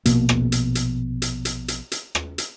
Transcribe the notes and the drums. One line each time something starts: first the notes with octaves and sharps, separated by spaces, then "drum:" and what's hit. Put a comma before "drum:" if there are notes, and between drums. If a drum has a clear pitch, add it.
A#1 B2 A#3, drum: hi-hat
drum: rim click
drum: hi-hat
drum: hi-hat
drum: hi-hat
drum: hi-hat
drum: hi-hat
drum: hi-hat
drum: rim click
drum: hi-hat